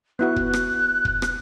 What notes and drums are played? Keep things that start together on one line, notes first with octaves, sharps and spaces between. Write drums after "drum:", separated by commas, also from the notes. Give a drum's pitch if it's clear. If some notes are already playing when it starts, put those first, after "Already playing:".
B3 E4 F#4 F#6
drum: kick
drum: rim click
drum: kick
drum: rim click